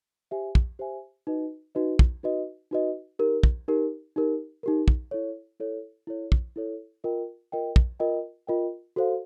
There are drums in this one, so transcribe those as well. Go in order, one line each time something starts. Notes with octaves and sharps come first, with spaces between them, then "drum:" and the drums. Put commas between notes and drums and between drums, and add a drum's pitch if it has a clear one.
G4 C5 E5 G#5
drum: kick
G4 C5 E5 G#5
D#4 F#4 B4 D#5
D#4 F#4 B4 D#5
drum: kick
D#4 F#4 B4 D#5
D#4 F#4 B4 D#5
D#4 G4 A#4
drum: kick
D#4 G4 A#4
D#4 G4 A#4
D#4 G4 A#4
drum: kick
E4 A4 C#5
E4 A4 C#5
E4 A4 C#5
drum: kick
E4 A4 C#5
F4 A#4 D#5 G5
F4 A#4 D#5 G5
drum: kick
F4 A#4 D#5 G5
F4 A#4 D#5 G5
F#4 A4 C5 F5